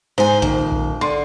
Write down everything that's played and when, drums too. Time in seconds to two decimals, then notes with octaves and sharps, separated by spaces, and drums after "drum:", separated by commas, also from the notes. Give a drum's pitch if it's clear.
0.18 G#2 C5 G#5
0.42 D#1 D#3, drum: kick A#1
0.72 drum: kick A#1
1.01 D3 D5 C6